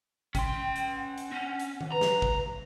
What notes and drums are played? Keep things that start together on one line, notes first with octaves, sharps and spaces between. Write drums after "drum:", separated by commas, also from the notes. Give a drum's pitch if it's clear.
C#4 G5 C6, drum: kick G#1, hi-hat
drum: hi-hat
F#5
drum: hi-hat
C4 C#4
drum: hi-hat
F#5, drum: tom D#3
B4 A#5
drum: snare
drum: kick G#1